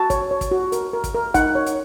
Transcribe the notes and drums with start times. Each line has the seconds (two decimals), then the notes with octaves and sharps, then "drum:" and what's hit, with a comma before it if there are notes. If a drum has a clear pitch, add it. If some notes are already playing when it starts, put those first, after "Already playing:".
Already playing: F#4 A5
0.10 C#5, drum: kick, hi-hat
0.31 C#5
0.41 drum: kick, hi-hat
0.51 F#4
0.72 A#4, drum: hi-hat
0.93 A#4
1.04 drum: kick, hi-hat
1.14 A#4
1.34 D#4 F#5, drum: kick, hi-hat
1.55 C#5
1.66 drum: hi-hat